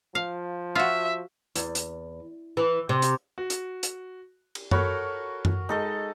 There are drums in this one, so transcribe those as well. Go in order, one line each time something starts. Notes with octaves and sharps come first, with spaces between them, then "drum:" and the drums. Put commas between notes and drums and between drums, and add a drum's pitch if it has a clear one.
F3 F5
F4 F#4 E5
E2, drum: hi-hat
drum: hi-hat
E3
C3
drum: hi-hat
F#4
drum: hi-hat
drum: hi-hat
drum: cymbal
F#4 A4 A#4 C#5 B5, drum: tom F#2
drum: tom F#2
G#3 D#4 A4 D#5